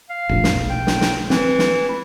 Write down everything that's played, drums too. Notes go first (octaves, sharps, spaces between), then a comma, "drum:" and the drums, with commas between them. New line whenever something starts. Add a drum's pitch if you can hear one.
F5
F1 A#1
drum: snare
B1
G5
drum: snare
drum: snare
E3 C4, drum: snare
drum: snare
E4